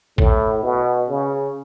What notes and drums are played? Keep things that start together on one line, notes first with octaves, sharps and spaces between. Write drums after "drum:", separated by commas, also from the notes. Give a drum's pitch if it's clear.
A2, drum: kick A#1
B2
C#3